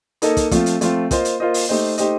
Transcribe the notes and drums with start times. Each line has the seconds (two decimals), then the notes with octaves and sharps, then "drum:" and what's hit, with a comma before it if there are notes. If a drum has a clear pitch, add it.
0.22 A#3 D#4 A4 D#5, drum: hi-hat
0.37 drum: kick, hi-hat
0.51 F3 A3 C4 F4, drum: kick, hi-hat
0.66 drum: hi-hat
0.81 F3 A3 C4 F4, drum: hi-hat
1.11 A#3 F4 C5 D#5, drum: kick, hi-hat
1.25 drum: hi-hat
1.40 A#3 F4 C5 D#5
1.54 drum: open hi-hat
1.69 A3 D#4 G4 C5 D#5
1.98 A3 D#4 G4 C5 D#5, drum: hi-hat